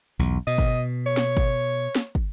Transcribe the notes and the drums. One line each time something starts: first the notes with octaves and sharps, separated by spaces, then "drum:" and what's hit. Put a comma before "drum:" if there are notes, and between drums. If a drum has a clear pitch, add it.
B1 E2
B2 D#5
drum: kick
C#5
drum: snare
drum: kick
drum: snare
drum: kick